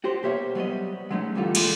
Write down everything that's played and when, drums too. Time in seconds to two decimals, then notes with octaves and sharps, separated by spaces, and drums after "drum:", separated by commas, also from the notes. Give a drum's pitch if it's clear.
0.04 F#4 G4 C5
0.23 B2 A#3 G4 C5 C#5 E5
0.55 F#3 G3 B3 D#5
1.10 F#3 G#3 A3 C#4 D#4
1.35 G2 D3 E3 G3 A3 F4
1.55 A#2 D3 E3 G#3 A3, drum: cymbal